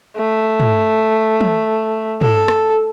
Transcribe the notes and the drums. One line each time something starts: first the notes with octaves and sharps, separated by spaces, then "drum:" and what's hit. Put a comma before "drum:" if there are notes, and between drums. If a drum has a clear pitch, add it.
A3
drum: tom
drum: tom
A4, drum: tom
drum: rim click